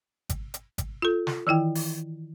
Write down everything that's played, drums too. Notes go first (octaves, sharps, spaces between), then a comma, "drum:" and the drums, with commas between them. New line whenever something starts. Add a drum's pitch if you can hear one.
drum: kick G#1, hi-hat
drum: hi-hat
drum: kick G#1, hi-hat
F4 A4
drum: snare
D#3 E3 E4 G5
drum: open hi-hat